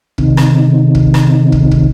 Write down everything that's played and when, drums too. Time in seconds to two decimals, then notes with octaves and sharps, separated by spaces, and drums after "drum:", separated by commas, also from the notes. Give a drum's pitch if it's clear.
0.18 C3 D#3, drum: kick
0.37 drum: rim click
0.95 drum: kick
1.14 drum: rim click
1.52 drum: kick
1.72 drum: kick